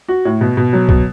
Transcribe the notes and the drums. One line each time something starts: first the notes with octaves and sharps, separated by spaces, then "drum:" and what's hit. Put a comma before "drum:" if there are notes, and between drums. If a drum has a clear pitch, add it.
F#4
A2
B2
B2
F#3
B2, drum: kick C2